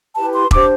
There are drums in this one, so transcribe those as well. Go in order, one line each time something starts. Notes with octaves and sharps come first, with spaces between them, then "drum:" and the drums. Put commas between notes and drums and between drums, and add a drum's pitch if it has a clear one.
E4 G4 B4 A5
C6
D4 G4 C5 D6, drum: kick E1